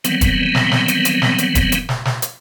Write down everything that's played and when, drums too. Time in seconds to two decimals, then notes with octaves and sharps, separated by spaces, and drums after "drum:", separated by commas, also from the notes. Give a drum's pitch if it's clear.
0.04 D#3 E3 F#3 G3 B3 C4, drum: hi-hat
0.21 drum: kick, hi-hat
0.55 drum: snare
0.71 drum: snare
0.88 drum: hi-hat
1.05 drum: hi-hat
1.22 drum: snare
1.38 drum: hi-hat
1.55 drum: kick, hi-hat
1.72 drum: hi-hat
1.89 drum: snare
2.05 drum: snare
2.22 drum: hi-hat